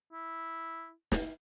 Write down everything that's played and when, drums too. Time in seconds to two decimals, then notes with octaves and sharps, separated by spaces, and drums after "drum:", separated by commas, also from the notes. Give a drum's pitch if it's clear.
0.13 E4
1.12 drum: snare